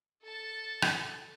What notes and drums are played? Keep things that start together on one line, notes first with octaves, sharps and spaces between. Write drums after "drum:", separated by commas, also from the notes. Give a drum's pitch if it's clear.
A4 A5
drum: rim click